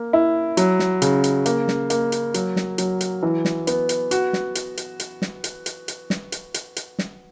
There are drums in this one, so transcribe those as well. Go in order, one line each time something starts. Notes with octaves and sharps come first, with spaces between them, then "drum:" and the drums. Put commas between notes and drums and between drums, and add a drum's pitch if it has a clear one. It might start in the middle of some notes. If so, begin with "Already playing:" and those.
Already playing: A#3
E4
F#3, drum: hi-hat
drum: snare
C#3, drum: hi-hat
drum: hi-hat
A#3, drum: hi-hat
drum: snare
A#3, drum: hi-hat
drum: hi-hat
F#3, drum: hi-hat
drum: snare
F#3, drum: hi-hat
drum: hi-hat
E3
drum: snare
B3, drum: hi-hat
drum: hi-hat
F#4, drum: hi-hat
drum: snare
drum: hi-hat
drum: hi-hat
drum: hi-hat
drum: snare
drum: hi-hat
drum: hi-hat
drum: hi-hat
drum: snare
drum: hi-hat
drum: hi-hat
drum: hi-hat
drum: snare